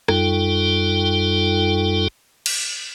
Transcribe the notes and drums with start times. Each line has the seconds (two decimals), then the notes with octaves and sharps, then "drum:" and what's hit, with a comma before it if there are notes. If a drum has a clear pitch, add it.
0.08 F#2 G3 D#4 F4 A4 G5, drum: rim click
2.46 drum: cymbal